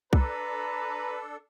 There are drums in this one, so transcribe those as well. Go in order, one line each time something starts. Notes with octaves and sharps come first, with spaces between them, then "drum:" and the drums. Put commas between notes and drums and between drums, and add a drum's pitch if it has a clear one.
D4 A4 B4 A#5, drum: kick C2